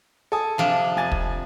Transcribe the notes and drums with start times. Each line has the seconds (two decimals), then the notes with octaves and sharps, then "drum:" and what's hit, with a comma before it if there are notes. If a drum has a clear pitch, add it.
0.32 A4 G#5 D#6
0.58 C3 F3 D4
0.96 F2 G#5 A6
1.12 drum: kick